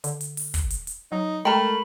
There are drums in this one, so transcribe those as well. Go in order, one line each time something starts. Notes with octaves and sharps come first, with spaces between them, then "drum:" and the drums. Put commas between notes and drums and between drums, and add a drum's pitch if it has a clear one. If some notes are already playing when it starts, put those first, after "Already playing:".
D3, drum: hi-hat
drum: hi-hat
drum: open hi-hat
drum: kick, hi-hat
drum: hi-hat
drum: hi-hat
F#3 D#4
G#3 A3 A#4 G5 A#5 B5